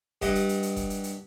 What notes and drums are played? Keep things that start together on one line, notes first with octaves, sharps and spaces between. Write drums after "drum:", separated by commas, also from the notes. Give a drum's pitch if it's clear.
G2 D#5 F#5, drum: kick F1, hi-hat
drum: hi-hat
drum: hi-hat
drum: hi-hat
drum: kick F1, hi-hat
drum: hi-hat
drum: hi-hat